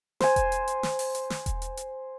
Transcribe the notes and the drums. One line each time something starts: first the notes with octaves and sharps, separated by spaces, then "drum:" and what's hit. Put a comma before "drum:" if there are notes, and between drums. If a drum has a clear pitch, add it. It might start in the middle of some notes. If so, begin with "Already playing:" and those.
C5 G#5, drum: snare
drum: kick E1, hi-hat
drum: hi-hat
drum: hi-hat
drum: snare
drum: open hi-hat
drum: hi-hat
drum: snare
drum: kick E1, hi-hat
drum: hi-hat
drum: hi-hat